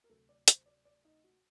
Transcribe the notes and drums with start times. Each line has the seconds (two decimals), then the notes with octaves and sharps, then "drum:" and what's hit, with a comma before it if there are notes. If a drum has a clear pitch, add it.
0.04 A#4
0.09 D2 C3 F#3 A4
0.29 D5
0.48 C5, drum: hi-hat
0.66 D5
0.85 D5
1.05 D#4
1.24 F#4